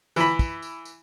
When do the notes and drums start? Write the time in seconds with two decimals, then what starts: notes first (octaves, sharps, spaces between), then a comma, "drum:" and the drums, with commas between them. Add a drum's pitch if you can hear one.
0.16 E3 B5, drum: tambourine
0.39 drum: kick, tambourine
0.62 drum: tambourine
0.85 drum: tambourine